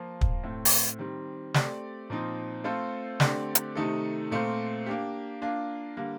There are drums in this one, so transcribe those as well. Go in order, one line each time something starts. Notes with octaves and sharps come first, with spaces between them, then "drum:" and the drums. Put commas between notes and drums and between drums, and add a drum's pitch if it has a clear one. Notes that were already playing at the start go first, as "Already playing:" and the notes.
Already playing: F3 A#3 F4
drum: kick
A2 A3 C4
drum: open hi-hat
D#3 G3 C4
A3 C4 G4 D5, drum: snare
A#2 F3 C4 D#4
A3 C4 F4 A4 C5
D3 A3 C4 G4 D5, drum: snare
drum: hi-hat
C3 D#3 A3 D#4 A4
A#2 A3 C4 F4 C5
A#3 D4 G4
A#3 D4 F4
D3 G3 A#3